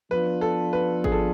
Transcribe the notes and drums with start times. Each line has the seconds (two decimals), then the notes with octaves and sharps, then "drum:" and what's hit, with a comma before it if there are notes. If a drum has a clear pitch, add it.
0.11 F3 B3 D4 F4 B4
0.41 A4
0.73 B4
1.04 G#4, drum: kick G#1
1.12 A4